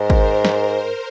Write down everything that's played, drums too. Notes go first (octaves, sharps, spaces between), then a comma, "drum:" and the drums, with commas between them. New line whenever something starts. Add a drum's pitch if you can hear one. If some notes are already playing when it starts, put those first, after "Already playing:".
Already playing: G#2 A#4 C5
drum: kick G#1
drum: snare